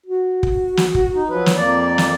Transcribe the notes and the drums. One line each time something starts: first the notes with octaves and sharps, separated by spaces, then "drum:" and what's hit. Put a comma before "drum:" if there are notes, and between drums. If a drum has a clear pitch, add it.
F#4
drum: kick
drum: snare
drum: kick
D#4
F3 F#3 B4
drum: snare
F2 A#3 D5
drum: snare